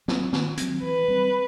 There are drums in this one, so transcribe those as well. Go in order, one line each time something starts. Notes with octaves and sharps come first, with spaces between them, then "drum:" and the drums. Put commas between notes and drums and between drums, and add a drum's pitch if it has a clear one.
F#3 C4, drum: snare
D#3, drum: snare
F#3 C4, drum: hi-hat
E3 B4
G3 C4